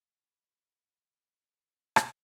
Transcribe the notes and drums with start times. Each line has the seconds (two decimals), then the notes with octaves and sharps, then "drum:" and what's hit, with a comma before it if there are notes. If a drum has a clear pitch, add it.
0.14 C#5 D5 B5
1.96 drum: rim click